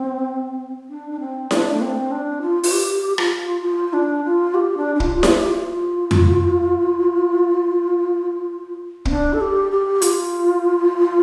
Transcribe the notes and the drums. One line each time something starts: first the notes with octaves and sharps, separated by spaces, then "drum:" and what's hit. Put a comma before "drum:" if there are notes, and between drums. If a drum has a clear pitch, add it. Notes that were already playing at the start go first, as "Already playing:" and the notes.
Already playing: C4
D4
D4
C4
D4, drum: snare E4
A3
C4
D4
F4
F4, drum: open hi-hat
G4
F4, drum: rim click
F4
D4
F4
G4
D4
D4
F4, drum: kick
F4
G4, drum: snare E4
F4
drum: tom F2
C4, drum: kick
D4
A4
G4
G4
F4, drum: hi-hat